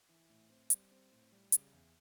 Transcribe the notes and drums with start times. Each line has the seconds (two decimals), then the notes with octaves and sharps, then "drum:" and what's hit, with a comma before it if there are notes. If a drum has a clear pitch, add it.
0.09 E3
0.30 A2
0.50 C4
0.70 G3, drum: hi-hat
0.91 C4
1.12 A2
1.32 G3
1.52 C#3, drum: hi-hat
1.73 E2